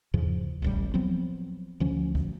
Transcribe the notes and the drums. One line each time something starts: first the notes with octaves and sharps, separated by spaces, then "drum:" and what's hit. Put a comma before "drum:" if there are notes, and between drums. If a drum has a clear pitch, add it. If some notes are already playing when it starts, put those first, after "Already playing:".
E2 G#2 C#3 F3
D1 A1 G3, drum: kick C#2
F3 F#3 B3 C4
D2 F3 C#4
drum: kick C#2